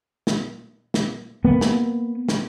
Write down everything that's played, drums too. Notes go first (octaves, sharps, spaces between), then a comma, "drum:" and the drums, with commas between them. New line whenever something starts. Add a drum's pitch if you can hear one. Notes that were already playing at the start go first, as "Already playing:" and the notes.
drum: snare
drum: snare
A#3 B3
drum: snare
drum: snare